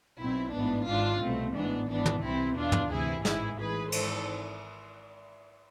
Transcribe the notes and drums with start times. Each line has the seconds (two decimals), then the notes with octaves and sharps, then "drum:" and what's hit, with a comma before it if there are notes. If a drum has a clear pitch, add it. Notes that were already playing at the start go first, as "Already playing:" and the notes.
0.21 B1 B2 C4 E4
0.55 A1 G#2 E3 B3 D4
0.88 G#1 G#2 E3 D4 F4
1.22 C2 B2 A3 C4
1.56 A1 G#2 E3 B3 D4
1.89 G#1 G#2 E3 B3 D4
2.06 drum: tom
2.23 C2 C3 E3 C4 E4
2.57 E2 B2 D4 F4
2.72 drum: tom
2.91 D2 C3 E3 E4 G#4
3.25 A1 G#2 E3 E4 G#4, drum: snare
3.58 A1 G#2 E3 G#4 B4
3.92 G#1 G#2 E3 A4 C5, drum: cymbal